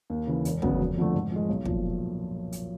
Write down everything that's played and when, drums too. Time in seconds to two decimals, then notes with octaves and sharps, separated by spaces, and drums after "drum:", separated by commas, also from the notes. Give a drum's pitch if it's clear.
0.10 D#2
0.27 C#3 E3
0.45 E1, drum: hi-hat
0.62 D2 C#3 F#3 B3, drum: kick
0.80 F1
0.97 F2 D3 F3 A3
1.13 G#2
1.32 F3 G#3
1.49 B1
1.65 A#2 F3, drum: kick
2.52 drum: hi-hat